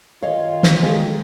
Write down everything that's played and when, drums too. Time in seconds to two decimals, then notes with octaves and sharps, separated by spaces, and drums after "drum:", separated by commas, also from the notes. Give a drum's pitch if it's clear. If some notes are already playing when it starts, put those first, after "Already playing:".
0.22 D#3 F4 C#5 D#5 F5
0.63 drum: snare
0.83 G#3 A3